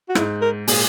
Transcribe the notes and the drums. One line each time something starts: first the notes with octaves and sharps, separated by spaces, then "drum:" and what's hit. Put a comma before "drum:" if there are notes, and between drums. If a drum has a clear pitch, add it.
F#4
G#2 E4, drum: rim click
A#4
A#2 G#4, drum: open hi-hat